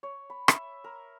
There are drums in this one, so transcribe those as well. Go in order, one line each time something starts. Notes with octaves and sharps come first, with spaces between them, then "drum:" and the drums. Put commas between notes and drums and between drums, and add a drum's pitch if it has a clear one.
C#5
B5
E5, drum: rim click
A#4